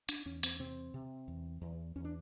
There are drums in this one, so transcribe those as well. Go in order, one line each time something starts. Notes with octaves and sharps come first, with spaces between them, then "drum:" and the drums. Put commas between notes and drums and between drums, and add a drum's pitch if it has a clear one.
D4, drum: hi-hat
E2 C#4
C4, drum: hi-hat
C3 C4
C3
E2
E2
E2 C#4
D4